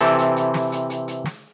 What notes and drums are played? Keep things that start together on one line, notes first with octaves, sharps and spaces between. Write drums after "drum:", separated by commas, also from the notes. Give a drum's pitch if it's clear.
C3 E3 C4 E4 A4
drum: hi-hat
drum: hi-hat
drum: snare
drum: hi-hat
drum: hi-hat
drum: hi-hat
drum: snare